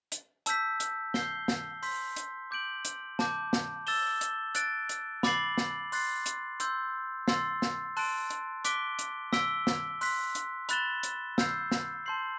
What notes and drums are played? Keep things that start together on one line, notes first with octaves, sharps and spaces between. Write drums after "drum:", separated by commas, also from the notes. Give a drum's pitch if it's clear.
drum: hi-hat
A5 E6 G6 B6, drum: hi-hat
drum: hi-hat
G6 C7 G7, drum: snare
drum: snare
C6 G6 B6, drum: open hi-hat
drum: hi-hat
D6 G6 D7 F#7
drum: hi-hat
A5 D6 G6, drum: snare
drum: snare
E6 A6 E7 G7, drum: open hi-hat
drum: hi-hat
F#6 A6 D7, drum: hi-hat
drum: hi-hat
B5 D6 A6 C7 F#7, drum: snare
drum: snare
C6 F#6 A6 C7, drum: open hi-hat
drum: hi-hat
C6 E6 G6, drum: hi-hat
C6 E6 A6 C7, drum: snare
drum: snare
A5 C6 F#6 A6 D7, drum: open hi-hat
drum: hi-hat
D6 F#6 B6 D7 G7, drum: hi-hat
drum: hi-hat
E6 B6 D7 G7, drum: snare
drum: snare
C6 F#6 B6, drum: open hi-hat
drum: hi-hat
B5 F#6 A6 E7 G7, drum: hi-hat
drum: hi-hat
E6 G6 C7, drum: snare
drum: snare
A5 C6 G6 C7 F#7